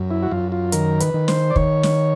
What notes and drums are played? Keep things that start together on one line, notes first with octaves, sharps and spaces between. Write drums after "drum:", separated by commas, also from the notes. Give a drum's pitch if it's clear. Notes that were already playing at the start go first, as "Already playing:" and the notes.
Already playing: F#2
E4
F#4
F#2 F4
F4
D#3 A#4, drum: hi-hat
B4, drum: hi-hat
D#3
C5, drum: snare
D5
D#3 C#5, drum: kick
drum: snare